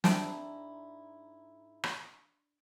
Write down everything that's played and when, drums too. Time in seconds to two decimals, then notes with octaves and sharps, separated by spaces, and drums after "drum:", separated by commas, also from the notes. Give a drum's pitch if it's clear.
0.04 G#2 D4 E4 G5 A5 A#5, drum: snare
1.84 drum: rim click